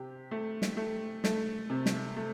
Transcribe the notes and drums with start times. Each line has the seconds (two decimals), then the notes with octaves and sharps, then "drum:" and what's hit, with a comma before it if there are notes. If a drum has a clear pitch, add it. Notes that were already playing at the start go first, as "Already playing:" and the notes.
Already playing: C3 G4
0.31 A3
0.62 drum: snare
0.77 A3
1.24 A3, drum: snare
1.70 C3
1.86 drum: snare
2.16 A3